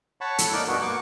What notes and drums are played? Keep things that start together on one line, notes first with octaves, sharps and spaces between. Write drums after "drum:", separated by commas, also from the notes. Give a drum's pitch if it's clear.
C#5 F#5 A5 B5 C#6
A4, drum: hi-hat
A#3 D#4 A#4 D5 F#6
G2 B2 A#3 B3 F#4
A#3 B3 C#6 D6